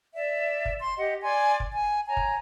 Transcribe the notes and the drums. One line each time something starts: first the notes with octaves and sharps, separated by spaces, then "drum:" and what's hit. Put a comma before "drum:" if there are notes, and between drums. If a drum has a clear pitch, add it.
D5 E5
drum: kick
C6
G4 D#5 F#5
D5 G#5 C6 G#6
drum: kick
G#5
C#5 G#5 A#5
drum: kick